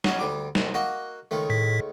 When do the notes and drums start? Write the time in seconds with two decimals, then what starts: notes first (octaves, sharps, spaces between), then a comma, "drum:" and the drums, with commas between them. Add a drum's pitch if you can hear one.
0.04 F#3 C#4 D#5, drum: snare
0.19 D2 G3 D6
0.55 C2 B2, drum: snare
0.74 A#3 F#4 D#5
1.31 C#2 D#3 A3
1.50 A2 B6